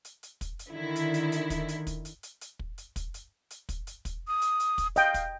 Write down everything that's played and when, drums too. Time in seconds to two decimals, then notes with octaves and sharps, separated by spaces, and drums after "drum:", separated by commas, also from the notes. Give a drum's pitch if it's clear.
0.05 drum: hi-hat
0.23 drum: hi-hat
0.41 drum: kick, hi-hat
0.59 drum: hi-hat
0.69 D3 D#3 E4
0.96 drum: hi-hat
1.14 drum: hi-hat
1.32 drum: hi-hat
1.50 drum: kick, hi-hat
1.68 drum: hi-hat
1.87 drum: kick, hi-hat
2.05 drum: hi-hat
2.23 drum: hi-hat
2.41 drum: hi-hat
2.59 drum: kick
2.78 drum: hi-hat
2.96 drum: kick, hi-hat
3.14 drum: hi-hat
3.50 drum: hi-hat
3.69 drum: kick, hi-hat
3.87 drum: hi-hat
4.05 drum: kick, hi-hat
4.27 D#6
4.41 drum: hi-hat
4.60 drum: hi-hat
4.78 drum: kick, hi-hat
4.96 D#5 F5 G5, drum: hi-hat
5.14 drum: kick, hi-hat